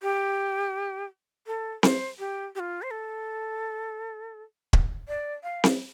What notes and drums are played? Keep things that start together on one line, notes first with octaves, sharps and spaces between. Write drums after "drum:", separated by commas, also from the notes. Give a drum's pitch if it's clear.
G4
A4
C5, drum: snare C4
G4
G4
F4
C5
A4
drum: kick
D5
F5
drum: snare C4